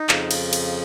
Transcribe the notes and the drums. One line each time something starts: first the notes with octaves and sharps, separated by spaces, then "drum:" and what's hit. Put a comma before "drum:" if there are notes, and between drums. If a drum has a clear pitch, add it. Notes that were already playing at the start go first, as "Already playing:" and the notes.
Already playing: D#4
F2 C#3 F3, drum: clap
drum: cymbal
drum: cymbal